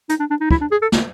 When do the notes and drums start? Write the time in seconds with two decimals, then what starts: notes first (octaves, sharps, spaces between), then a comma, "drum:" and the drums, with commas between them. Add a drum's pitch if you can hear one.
0.09 D#4, drum: hi-hat
0.19 D4
0.30 D4
0.41 D#4
0.51 E4, drum: kick
0.61 D4
0.71 G#4
0.82 A4
0.92 drum: snare